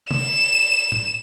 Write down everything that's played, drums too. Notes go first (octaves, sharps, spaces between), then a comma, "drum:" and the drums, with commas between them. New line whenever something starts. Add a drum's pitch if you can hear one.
E7, drum: tom
drum: tom A2